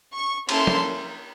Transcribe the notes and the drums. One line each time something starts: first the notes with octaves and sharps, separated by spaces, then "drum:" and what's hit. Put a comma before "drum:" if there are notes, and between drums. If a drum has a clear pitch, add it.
C#6
A#3 C#4 E4 A4 C6, drum: cymbal
drum: tom